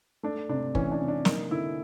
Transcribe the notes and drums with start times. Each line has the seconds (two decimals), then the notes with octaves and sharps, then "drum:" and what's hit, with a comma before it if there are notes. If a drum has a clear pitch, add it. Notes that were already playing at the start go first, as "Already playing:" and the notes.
0.23 A3 D4
0.49 C3 D4
0.75 E3 C#4, drum: kick
0.92 D4
1.00 C3
1.08 D4
1.25 A#3 D#4, drum: snare
1.51 D3 E4